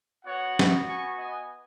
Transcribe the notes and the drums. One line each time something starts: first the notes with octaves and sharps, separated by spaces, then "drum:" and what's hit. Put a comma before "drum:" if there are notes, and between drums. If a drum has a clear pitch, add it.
B3 F#4 C#5 F#5
drum: snare
G#5 C#6
D#5 G#5